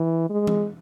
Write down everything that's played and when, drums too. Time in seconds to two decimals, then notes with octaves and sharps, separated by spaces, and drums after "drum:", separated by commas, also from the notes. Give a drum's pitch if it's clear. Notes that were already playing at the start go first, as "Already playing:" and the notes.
Already playing: E3
0.30 G#3
0.47 drum: tom E3